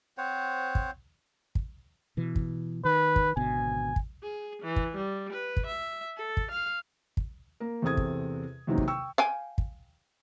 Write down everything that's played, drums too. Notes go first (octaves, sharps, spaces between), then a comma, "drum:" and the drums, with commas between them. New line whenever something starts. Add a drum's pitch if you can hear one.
C4 C5 C#5 F#5
drum: kick
drum: kick
B2 E3
drum: kick
D#3 B4
drum: kick
G#1 B2 D3 G#5
drum: kick
G#4
E3
drum: kick
G3
B4
drum: kick
E5
A4
drum: kick
F5
drum: kick
A#3 A#4
E2 C3 C4 A4 D#6 G#6
drum: kick
E2 C3 D#3 F#3 A#3 D#4
drum: kick
G5 C#6 E6
F5 G5 G#5
drum: kick